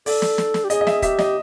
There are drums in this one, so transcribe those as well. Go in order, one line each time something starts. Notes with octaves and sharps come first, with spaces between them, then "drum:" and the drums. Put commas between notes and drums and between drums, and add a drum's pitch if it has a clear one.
A4 D5, drum: open hi-hat
drum: snare
drum: snare
drum: snare
G4
G#4 D#5, drum: hi-hat
D#5
E5, drum: snare
G4 E5, drum: kick, hi-hat
D#5, drum: snare